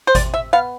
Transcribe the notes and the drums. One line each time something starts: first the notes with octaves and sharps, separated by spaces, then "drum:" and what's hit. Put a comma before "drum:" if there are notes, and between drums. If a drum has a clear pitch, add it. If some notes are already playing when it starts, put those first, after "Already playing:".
C5
C3 D5, drum: kick G#1, hi-hat
E5
B3 F5